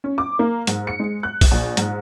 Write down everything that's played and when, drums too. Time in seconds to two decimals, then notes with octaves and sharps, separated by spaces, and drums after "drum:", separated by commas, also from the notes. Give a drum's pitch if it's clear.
0.04 C#4
0.18 D6
0.39 A#3
0.67 G#2, drum: hi-hat
0.87 C#7
1.00 G#3
1.23 F#6
1.41 drum: kick B1, open hi-hat
1.51 A#1
1.77 G#2, drum: hi-hat